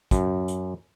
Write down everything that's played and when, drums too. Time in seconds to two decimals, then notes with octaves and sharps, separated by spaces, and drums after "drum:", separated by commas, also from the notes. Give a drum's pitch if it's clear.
0.11 F#2, drum: kick, hi-hat
0.48 drum: hi-hat